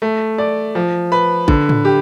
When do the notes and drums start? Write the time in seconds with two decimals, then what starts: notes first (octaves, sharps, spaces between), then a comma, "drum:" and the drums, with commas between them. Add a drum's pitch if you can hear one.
0.02 A3
0.38 D5
0.75 F3
1.12 B4
1.48 D3, drum: kick A1
1.69 drum: tom A2
1.85 G4